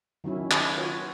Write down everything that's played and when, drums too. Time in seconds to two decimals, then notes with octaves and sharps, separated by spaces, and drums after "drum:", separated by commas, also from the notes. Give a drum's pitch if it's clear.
0.24 D#3 F#3 C#4 E4
0.51 drum: clap
0.77 F4 F#4 B4 C#5